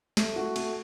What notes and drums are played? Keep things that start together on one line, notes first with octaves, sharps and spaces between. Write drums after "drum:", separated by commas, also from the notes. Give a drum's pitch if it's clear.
A3, drum: snare
F#4
A3, drum: cymbal